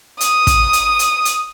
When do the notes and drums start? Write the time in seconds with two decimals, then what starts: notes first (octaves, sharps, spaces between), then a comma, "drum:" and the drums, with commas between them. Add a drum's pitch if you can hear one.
0.21 D#6, drum: hi-hat
0.47 drum: kick, hi-hat
0.73 drum: hi-hat
0.99 drum: hi-hat
1.25 drum: hi-hat